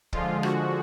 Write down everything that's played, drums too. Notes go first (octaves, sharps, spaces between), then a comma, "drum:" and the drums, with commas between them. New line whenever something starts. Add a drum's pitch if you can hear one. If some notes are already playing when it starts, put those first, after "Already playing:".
D3 F3 G#3 F4, drum: kick
F#4, drum: rim click